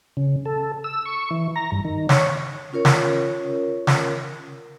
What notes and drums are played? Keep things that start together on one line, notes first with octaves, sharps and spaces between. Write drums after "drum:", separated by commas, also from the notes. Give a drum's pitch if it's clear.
C#3
A4
E6
C#6
E3
A#5
G2
D#3
C#5, drum: snare
C#4 F4 A#4 C#5
drum: snare
drum: snare